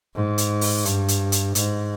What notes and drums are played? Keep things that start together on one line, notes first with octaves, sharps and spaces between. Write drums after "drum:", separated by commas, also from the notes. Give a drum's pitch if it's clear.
G#2
drum: hi-hat
drum: open hi-hat
G2, drum: hi-hat
drum: hi-hat
drum: hi-hat
G#2, drum: hi-hat